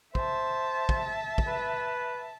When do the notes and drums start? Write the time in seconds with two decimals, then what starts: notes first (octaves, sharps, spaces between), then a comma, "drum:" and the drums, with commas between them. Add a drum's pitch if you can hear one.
0.15 C5 E5 A5, drum: kick
0.89 drum: kick
1.38 drum: kick
1.48 B4